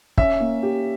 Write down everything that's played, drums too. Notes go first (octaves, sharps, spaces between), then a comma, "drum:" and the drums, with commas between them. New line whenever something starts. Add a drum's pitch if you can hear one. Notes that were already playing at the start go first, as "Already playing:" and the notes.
C#4 E5, drum: kick
A#3
G4